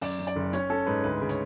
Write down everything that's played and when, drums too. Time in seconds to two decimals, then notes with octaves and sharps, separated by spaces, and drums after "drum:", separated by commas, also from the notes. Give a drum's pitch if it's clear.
0.01 F#2 D5, drum: open hi-hat
0.19 F#2
0.27 D5, drum: hi-hat
0.36 F#1
0.53 C#4 C#5, drum: hi-hat
0.70 C#4 A4
0.87 G#2 B4
1.04 D2 B4
1.21 C#3
1.29 C#5, drum: hi-hat